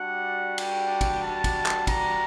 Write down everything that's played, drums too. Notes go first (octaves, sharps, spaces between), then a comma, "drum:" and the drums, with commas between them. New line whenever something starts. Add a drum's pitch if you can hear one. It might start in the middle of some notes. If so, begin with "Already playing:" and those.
Already playing: G3 D4 F#4 F#5
G5, drum: cymbal
drum: kick, cymbal
A5
drum: kick, cymbal
drum: clap
A#5, drum: kick, cymbal